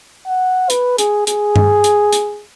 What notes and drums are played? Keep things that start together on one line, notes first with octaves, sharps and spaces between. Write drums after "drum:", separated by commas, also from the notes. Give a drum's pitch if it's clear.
F#5
B4, drum: hi-hat
G#4, drum: hi-hat
G#4, drum: hi-hat
drum: tom G2
drum: hi-hat
drum: hi-hat